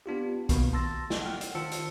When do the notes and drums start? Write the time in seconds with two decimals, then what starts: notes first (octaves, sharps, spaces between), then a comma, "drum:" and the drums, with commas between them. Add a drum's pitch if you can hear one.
0.06 B3 D4 F4 G4
0.49 B2 D#3 A#3 B3, drum: kick B1, hi-hat
0.73 A5 C6 E6 A6 A#6
1.10 drum: snare
1.22 F#5 G5 F6
1.41 drum: hi-hat
1.55 D#3 F4 C5 A5 E6 C#7
1.71 drum: hi-hat